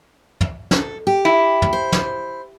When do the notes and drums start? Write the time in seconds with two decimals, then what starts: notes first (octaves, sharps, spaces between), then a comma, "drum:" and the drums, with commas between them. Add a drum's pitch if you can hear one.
0.41 drum: tom
0.71 A4, drum: snare
1.07 G4
1.25 E4
1.62 drum: tom
1.73 C5
1.92 drum: snare